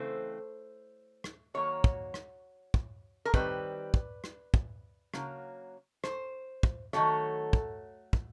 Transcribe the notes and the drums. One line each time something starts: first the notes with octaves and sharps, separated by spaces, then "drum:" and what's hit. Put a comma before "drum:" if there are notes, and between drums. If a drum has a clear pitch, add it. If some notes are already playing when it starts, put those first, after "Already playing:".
Already playing: C#3 E3 A3 C4 C5
drum: rim click
D#3 F#3 A#3 C#5
drum: kick
drum: rim click
drum: kick
A#4
D#3 G3 C4 B4, drum: kick
drum: kick
drum: rim click
drum: kick
C#3 F#3 A#3, drum: rim click
C5, drum: rim click
drum: kick
D#3 F#3 A3 C#5, drum: rim click
drum: kick
drum: kick